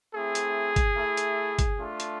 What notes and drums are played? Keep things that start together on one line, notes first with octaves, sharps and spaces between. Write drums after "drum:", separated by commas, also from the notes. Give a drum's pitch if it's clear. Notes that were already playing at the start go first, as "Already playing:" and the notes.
A3 C4 E4 G#4
drum: hi-hat
drum: kick, hi-hat
A3 E4
drum: hi-hat
drum: kick, hi-hat
A3 D4 F4
drum: hi-hat